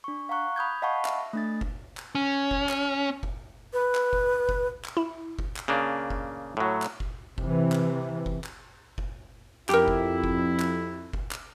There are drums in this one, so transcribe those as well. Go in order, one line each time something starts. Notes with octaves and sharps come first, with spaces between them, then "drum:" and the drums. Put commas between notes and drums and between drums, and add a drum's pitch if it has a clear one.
D4 C#6
F5 F#5 A#5 C#6 F#6
B5 D#6 G6 G#6
D#5 F5 F#5 A5 B5 C#6
E5, drum: clap
A3 D4 A6
drum: kick F#1
drum: clap
C#4
drum: kick F#1
drum: clap
drum: kick F#1
B4
drum: clap
drum: kick F#1
drum: kick F#1
drum: clap
E4
drum: kick F#1
drum: clap
C#3 A#3 D4
drum: kick F#1
A2 F#3
drum: clap
drum: kick F#1
C3 E3, drum: kick F#1
drum: clap
drum: kick F#1
drum: clap
drum: kick F#1
F2 E4 G4 A#4, drum: clap
drum: kick F#1
drum: kick F#1
drum: clap
drum: kick F#1
drum: clap